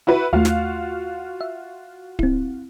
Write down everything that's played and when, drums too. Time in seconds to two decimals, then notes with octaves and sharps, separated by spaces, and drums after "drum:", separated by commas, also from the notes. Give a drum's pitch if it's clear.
0.07 E4 F#4 B4
0.33 D#2 A3 F4 F#4 F5
0.45 drum: snare
1.41 E5
2.19 C4 E4, drum: kick D1